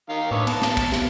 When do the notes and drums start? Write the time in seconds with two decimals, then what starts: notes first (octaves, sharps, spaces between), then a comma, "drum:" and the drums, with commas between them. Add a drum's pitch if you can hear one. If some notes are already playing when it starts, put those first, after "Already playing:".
0.09 D#3 F5
0.31 A2 D3 B3 C#5
0.47 B3 A5, drum: cymbal
0.62 drum: snare
0.77 drum: kick, cymbal
0.92 drum: snare